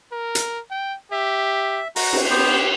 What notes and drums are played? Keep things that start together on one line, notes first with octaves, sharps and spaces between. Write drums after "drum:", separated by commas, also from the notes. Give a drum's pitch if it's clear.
A#4
drum: hi-hat
G5
G4 E5
F#4 A#5, drum: open hi-hat
drum: cymbal
B3 G4 C5